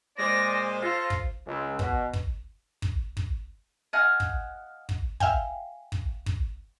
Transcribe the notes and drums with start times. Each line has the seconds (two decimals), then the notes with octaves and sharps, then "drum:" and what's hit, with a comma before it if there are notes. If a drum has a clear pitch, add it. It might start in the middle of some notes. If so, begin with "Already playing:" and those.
0.18 A#2 G#3 C5 D5 A#6
0.82 F4 A4 A#6
1.10 drum: kick
1.45 C#2
1.79 B2, drum: kick
2.13 drum: kick
2.82 drum: kick
3.17 drum: kick
3.93 D#5 F5 F#5 G#5 F6
4.20 drum: kick
4.89 drum: kick
5.20 E5 F5 G5 G#5, drum: kick
5.92 drum: kick
6.26 drum: kick